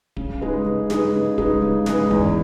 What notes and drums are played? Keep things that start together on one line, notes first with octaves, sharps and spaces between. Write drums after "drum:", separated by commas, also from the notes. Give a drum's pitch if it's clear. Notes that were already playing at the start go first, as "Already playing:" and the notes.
C#3, drum: kick D1
G#3 D#4 G#4 B4
C#3
G#3 D#4 G#4 B4, drum: snare
C#3
G#3 D#4 G#4 B4, drum: kick D1
C#3
G#3 D#4 G#4 B4, drum: snare
E2, drum: kick D1